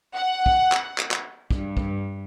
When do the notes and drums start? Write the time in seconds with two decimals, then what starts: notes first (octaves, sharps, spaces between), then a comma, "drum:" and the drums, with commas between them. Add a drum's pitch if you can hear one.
0.16 F#5
0.46 drum: kick
0.72 drum: clap
0.98 drum: clap
1.11 drum: clap
1.51 G2, drum: kick
1.77 drum: kick